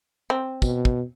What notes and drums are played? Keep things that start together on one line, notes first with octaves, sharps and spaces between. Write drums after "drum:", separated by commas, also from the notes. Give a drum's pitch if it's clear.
C4
B2, drum: kick, tambourine
drum: kick